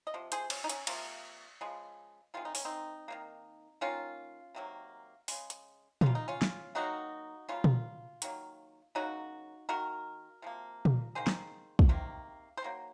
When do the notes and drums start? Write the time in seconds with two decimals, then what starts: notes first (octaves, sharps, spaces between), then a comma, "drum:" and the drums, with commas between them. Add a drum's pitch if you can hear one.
0.07 D#5
0.14 C3 F3
0.32 G#4 C5, drum: hi-hat
0.50 C#4, drum: cymbal
0.64 D#4
0.69 C#4, drum: hi-hat
0.87 C3 F3 A#3, drum: cymbal
1.61 C#3 F3 G#3
2.34 C3 D#3 G#3 F4
2.45 D#4
2.55 C#4, drum: open hi-hat
2.65 C4 D#4
3.08 D#3 F#3 A#3
3.81 D#3 A#3 C#4 F4
4.55 C3 D#3 F#3 A#3
5.28 C#3 G#3, drum: open hi-hat
5.50 drum: hi-hat
6.01 C#3 F#3 A#3 F4, drum: tom
6.15 D#4
6.28 C#4 F4
6.42 drum: snare
6.75 D#3 F#3 A#3 D#4 F#4
7.49 C#3 F#3 A#3 C#4 F4
7.64 drum: tom
8.22 D#3 F#3 A#3, drum: hi-hat
8.95 C#3 F#3 A#3 D#4 F#4
9.69 D#3 A#3 F#4 A#4
10.42 C3 F3 A#3
10.85 drum: tom
11.15 D#3 A#3 G#4 C5
11.27 drum: snare
11.79 drum: kick
11.89 C3 D#3 A#3
12.57 C5
12.62 D#3 F#3 A#3